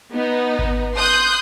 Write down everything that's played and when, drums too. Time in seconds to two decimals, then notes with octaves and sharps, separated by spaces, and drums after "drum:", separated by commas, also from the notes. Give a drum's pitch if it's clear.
0.13 B3 D#4
0.59 drum: kick G#1
0.96 C6 D#6 F#6 G6